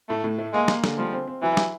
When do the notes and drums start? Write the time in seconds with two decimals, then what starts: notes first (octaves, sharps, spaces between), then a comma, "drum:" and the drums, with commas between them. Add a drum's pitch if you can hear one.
0.09 A2 A3
0.24 A2
0.38 A3
0.53 G#3 A#3
0.68 A#3, drum: snare
0.84 D3, drum: snare
0.98 F3 G3
1.13 C4
1.27 C4
1.42 E3 F#3
1.57 F#3, drum: snare